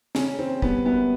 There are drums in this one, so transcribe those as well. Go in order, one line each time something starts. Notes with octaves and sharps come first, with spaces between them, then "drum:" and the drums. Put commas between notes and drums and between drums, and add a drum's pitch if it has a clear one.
C#3 C#4, drum: snare
C#3 C4
G3 B3, drum: kick
F#2 B3